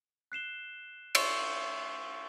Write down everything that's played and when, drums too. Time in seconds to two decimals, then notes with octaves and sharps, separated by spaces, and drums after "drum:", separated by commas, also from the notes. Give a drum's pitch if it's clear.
0.32 F#6 C7 E7 G7
1.15 C6 C#6 E6, drum: cymbal